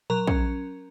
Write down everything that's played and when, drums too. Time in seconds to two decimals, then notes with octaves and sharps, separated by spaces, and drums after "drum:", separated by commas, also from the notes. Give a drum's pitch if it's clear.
0.10 F#3 A#4 A#5, drum: tom A#2
0.27 C#4, drum: kick